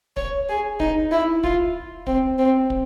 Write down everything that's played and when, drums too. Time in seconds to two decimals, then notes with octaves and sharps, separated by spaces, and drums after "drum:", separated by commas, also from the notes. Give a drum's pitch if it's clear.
0.17 C#5, drum: kick
0.49 G#4
0.80 D#4, drum: kick
1.11 E4
1.44 F4, drum: kick
2.07 C4, drum: kick
2.38 C4
2.70 drum: kick